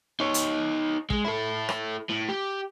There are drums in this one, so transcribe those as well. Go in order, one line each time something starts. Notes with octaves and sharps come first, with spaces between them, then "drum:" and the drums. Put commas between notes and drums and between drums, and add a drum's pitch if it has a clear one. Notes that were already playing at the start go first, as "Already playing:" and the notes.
D#4 C#5
drum: hi-hat
G#3, drum: kick
E4 A4
drum: rim click
A2
G4